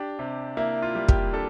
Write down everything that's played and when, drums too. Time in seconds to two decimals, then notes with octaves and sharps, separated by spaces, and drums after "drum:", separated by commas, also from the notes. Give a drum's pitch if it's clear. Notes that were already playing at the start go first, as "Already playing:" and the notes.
Already playing: D4 G4
0.19 C3
0.57 A#3 E4
0.82 F4
0.95 G3
1.09 G4, drum: kick
1.33 D4 A4